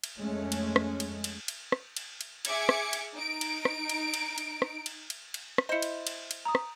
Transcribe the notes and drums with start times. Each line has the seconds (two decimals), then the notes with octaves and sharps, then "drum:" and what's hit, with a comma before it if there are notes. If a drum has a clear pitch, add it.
0.04 drum: cymbal
0.19 F2 G#3 A3 C#4
0.52 drum: cymbal
0.76 drum: rim click
1.00 drum: cymbal
1.24 drum: cymbal
1.48 drum: cymbal
1.72 drum: rim click
1.97 drum: cymbal
2.21 drum: cymbal
2.45 G#4 E5 D6 G#6 C#7, drum: cymbal
2.69 drum: rim click
2.93 drum: cymbal
3.15 D#4 D7
3.41 drum: cymbal
3.65 drum: rim click
3.89 drum: cymbal
4.14 drum: cymbal
4.38 drum: cymbal
4.62 drum: rim click
4.86 drum: cymbal
5.10 drum: cymbal
5.34 drum: cymbal
5.58 drum: rim click
5.69 E4 C5 D#5 C#7
5.82 drum: cymbal
6.07 drum: cymbal
6.31 drum: cymbal
6.45 A#5 D#6
6.55 drum: rim click